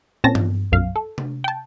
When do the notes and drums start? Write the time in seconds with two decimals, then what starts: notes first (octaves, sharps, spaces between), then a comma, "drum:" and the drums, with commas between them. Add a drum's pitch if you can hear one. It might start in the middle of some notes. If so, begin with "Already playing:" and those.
0.24 A#2 C4 C#4 A5 A#6
0.35 drum: tom G2
0.72 B1 F#2 F5
0.96 A4
1.18 drum: tom C3
1.44 G5 A5